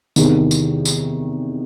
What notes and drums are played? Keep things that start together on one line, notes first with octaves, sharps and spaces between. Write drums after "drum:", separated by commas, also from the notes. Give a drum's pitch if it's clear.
E2 C3 D#3, drum: tambourine
drum: tambourine
drum: tambourine